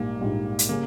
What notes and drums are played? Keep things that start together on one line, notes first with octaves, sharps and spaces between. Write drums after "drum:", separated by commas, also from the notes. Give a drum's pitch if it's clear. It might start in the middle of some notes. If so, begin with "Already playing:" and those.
Already playing: A#1 G#2 G3 A#3
A#1 G#2 G3
drum: hi-hat
C#3 G3 A#3 C#4